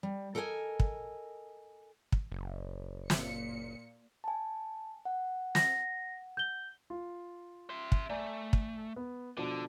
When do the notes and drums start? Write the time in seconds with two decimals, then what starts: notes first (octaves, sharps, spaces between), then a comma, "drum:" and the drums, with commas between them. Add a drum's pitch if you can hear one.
0.03 G3
0.35 A4 A#4 D#5 F#5 G#5
0.80 drum: kick
2.12 drum: kick
2.32 F#1
3.10 A#2 C#7, drum: snare
4.24 G#5 A5
5.05 F#5
5.55 A#6, drum: snare
6.37 G6 G7
6.90 F4
7.70 E5 C6
7.92 drum: kick
8.10 A3 D5 G#5 A#5
8.53 drum: kick
8.96 B3
9.37 B2 D3 F3 D4